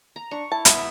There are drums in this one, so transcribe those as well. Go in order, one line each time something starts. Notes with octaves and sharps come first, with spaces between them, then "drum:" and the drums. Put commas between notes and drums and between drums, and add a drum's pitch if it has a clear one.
A#5
D4 C#6
E4 A5
B3 E5, drum: hi-hat